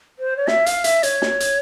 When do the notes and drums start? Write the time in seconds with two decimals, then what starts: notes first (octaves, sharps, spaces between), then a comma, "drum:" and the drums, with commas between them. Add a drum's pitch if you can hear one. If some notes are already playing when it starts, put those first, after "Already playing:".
0.19 C5
0.37 C#5
0.47 E5, drum: snare
0.66 F5, drum: hi-hat
0.84 E5, drum: hi-hat
1.03 C#5, drum: hi-hat
1.22 drum: snare
1.40 drum: hi-hat